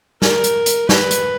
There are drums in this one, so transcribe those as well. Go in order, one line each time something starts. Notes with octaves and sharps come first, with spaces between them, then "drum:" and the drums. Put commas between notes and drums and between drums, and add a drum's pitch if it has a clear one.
A#4, drum: snare
drum: hi-hat
drum: hi-hat
B4, drum: snare
drum: hi-hat